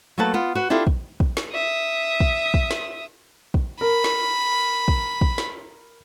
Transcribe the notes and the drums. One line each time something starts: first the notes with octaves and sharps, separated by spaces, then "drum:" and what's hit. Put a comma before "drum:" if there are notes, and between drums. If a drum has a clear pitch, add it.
F#3 A3 A#3 B4 A5
B3 F4
F#4 B4
D4 E4 F4 G4 A4 B4
drum: kick
drum: kick
drum: snare
E5 D#6
drum: kick
drum: kick
drum: snare
drum: kick
A#4 B5
drum: snare
drum: kick
drum: kick
drum: snare